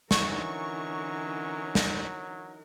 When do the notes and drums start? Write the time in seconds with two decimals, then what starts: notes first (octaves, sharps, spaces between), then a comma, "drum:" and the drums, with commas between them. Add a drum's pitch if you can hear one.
0.11 D3 E3 F#3 C#4 D#4 A#4 C#6, drum: snare
1.75 drum: snare